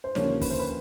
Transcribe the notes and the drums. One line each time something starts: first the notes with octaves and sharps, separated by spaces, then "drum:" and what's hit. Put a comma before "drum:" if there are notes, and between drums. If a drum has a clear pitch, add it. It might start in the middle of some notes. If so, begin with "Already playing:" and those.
C5
D#2 D3 F3 A#3 C#4 C#5, drum: snare
B4, drum: kick, open hi-hat
C5
B4